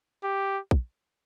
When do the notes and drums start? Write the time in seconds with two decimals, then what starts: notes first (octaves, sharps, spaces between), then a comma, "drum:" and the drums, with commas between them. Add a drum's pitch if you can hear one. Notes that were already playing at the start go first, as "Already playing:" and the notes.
0.24 G4
0.71 drum: kick